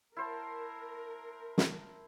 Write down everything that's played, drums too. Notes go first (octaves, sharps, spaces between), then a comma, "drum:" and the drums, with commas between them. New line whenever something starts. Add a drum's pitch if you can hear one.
E4 A#4 C5 A5
drum: snare